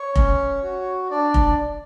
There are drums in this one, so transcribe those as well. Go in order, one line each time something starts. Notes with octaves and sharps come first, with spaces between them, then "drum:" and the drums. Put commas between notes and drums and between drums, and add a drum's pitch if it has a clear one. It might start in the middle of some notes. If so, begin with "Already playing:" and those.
Already playing: C#5
C#4, drum: kick F1
F#4
D4 D5
drum: kick F1